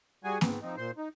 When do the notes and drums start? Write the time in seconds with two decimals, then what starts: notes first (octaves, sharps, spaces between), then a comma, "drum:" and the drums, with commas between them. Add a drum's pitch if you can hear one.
0.24 G3 F#4 G#4 G#5
0.41 G#2 B3 C4, drum: snare A#3
0.62 F3 C4 D#4
0.77 A#2 C5 C6
0.98 D#4